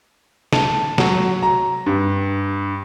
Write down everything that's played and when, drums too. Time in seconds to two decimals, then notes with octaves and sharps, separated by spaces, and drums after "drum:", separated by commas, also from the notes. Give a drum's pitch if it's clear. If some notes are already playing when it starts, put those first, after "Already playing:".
0.53 A5, drum: snare
0.98 F#3, drum: snare
1.43 A#5
1.86 G2